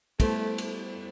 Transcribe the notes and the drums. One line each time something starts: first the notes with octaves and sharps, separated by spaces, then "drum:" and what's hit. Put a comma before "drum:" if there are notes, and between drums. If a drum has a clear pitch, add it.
G3 A3 B3 E4 A4 C5, drum: kick, cymbal
drum: cymbal